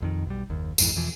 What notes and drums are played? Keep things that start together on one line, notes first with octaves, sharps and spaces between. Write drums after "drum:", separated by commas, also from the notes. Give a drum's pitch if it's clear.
A#1 F2 D#3
B1 G3
F#1 D#2
A#1 F2 G#2 E3, drum: tambourine
E2 B2 E3 F3